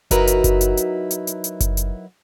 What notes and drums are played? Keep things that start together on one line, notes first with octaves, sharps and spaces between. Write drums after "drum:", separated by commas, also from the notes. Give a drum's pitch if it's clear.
F#3 D#4 E4 F#4 A#4 B4, drum: kick F#1, hi-hat
drum: hi-hat
drum: kick F#1, hi-hat
drum: hi-hat
drum: hi-hat
drum: hi-hat
drum: hi-hat
drum: hi-hat
drum: kick F#1, hi-hat
drum: hi-hat